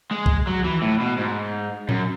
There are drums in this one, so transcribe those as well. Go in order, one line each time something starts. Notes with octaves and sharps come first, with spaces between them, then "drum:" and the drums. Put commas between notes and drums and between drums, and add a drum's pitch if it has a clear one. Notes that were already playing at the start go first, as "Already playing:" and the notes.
G#3
drum: kick B1
F#3
E3
A2
B2
G#2
F#2, drum: tom A2